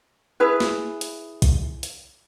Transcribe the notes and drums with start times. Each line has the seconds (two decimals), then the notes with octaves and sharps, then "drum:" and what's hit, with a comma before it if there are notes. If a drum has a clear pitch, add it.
0.40 E4 G#4 B4
0.60 drum: snare
1.01 drum: hi-hat
1.42 drum: kick, hi-hat
1.83 drum: hi-hat